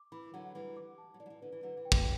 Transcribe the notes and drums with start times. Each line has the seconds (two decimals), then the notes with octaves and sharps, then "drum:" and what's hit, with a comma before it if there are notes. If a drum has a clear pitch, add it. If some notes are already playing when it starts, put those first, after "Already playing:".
Already playing: D6
0.12 E3 B5
0.34 D3 F#3 F#5
0.55 E3 G3 B4
0.77 D6
0.98 A5
1.14 F#3
1.20 E3 D5
1.26 F#3
1.30 E3
1.42 D3 B4
1.52 E3
1.63 D3 F#3 B4
1.77 E3
1.85 G5
1.92 F#3 A3, drum: kick